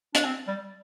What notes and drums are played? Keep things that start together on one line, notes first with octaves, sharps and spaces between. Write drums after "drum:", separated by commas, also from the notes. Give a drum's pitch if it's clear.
D4, drum: hi-hat
C4
G3